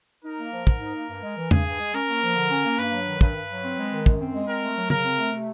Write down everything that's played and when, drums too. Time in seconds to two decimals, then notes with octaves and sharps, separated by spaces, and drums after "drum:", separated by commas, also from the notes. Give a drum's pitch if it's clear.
0.24 D#4 A#4
0.39 A#3
0.52 F3
0.67 G#2, drum: kick
0.81 D#4
0.95 A#3
1.10 G2
1.23 G#3
1.38 E3
1.51 G2 G#4, drum: tom E2
1.66 G2
1.80 G#3
1.94 C#4 A#4
2.08 A#3
2.23 F3
2.36 D3
2.51 C#4
2.65 A#3
2.79 G2 B4
2.92 F#3
3.06 D#3
3.21 G2 B4, drum: kick
3.35 G2
3.49 F#3
3.64 C4
3.78 G#3
3.92 D#3
4.06 F#2, drum: kick
4.20 C4
4.34 G#3
4.48 C4 A#4
4.63 A3
4.76 F#3
4.90 C#3 A#4, drum: tom
5.04 C4
5.18 A3
5.33 C3